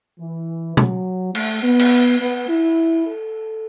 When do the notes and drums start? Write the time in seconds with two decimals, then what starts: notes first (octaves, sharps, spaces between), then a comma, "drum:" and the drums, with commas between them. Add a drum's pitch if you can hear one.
0.20 E3
0.77 F#3, drum: tom B2
1.35 A3, drum: cymbal
1.64 B3
1.79 drum: cymbal
2.20 B3
2.49 E4
3.07 A4